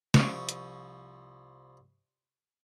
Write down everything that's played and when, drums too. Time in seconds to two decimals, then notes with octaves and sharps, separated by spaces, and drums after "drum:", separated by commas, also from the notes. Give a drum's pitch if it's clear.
0.14 C2 F3 C#6 D#6, drum: snare
0.49 drum: hi-hat